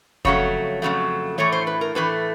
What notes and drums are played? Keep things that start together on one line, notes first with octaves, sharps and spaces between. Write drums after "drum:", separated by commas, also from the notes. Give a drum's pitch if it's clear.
F2 C#3 F#3 A3 C#5, drum: kick F1
F2 C#3 F#3 A3
A2 E3 A3 C#5
C5
B4
A#4
A2 E3 A3 B4